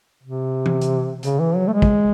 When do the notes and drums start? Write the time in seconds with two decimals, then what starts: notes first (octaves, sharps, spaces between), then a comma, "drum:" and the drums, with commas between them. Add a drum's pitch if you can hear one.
0.23 C3
0.66 drum: tom E3
0.81 drum: hi-hat
1.23 C#3, drum: hi-hat
1.39 E3
1.56 F#3
1.68 A3
1.73 G#3
1.82 drum: kick